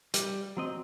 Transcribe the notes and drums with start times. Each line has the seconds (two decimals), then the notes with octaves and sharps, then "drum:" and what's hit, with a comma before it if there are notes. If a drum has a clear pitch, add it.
0.14 G3, drum: hi-hat
0.57 F#3 C4 D#5